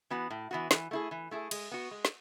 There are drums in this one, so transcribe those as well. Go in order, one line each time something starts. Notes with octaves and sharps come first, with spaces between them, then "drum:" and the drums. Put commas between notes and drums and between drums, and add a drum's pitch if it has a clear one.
E3 B3 F#4
A2
E3 B3 F#4
E3, drum: snare
A3 E4 G#4
E3
A3 E4 G#4
G#3, drum: cymbal
B3 F#4
G#3
drum: snare